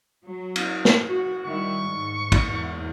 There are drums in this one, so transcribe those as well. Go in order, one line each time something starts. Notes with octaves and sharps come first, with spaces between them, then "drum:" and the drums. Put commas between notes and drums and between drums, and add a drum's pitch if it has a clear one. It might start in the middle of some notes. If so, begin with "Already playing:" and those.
F#3
drum: cymbal
drum: snare
F#4
D#3 G3 E4 C#6
G#2
drum: kick, cymbal
E2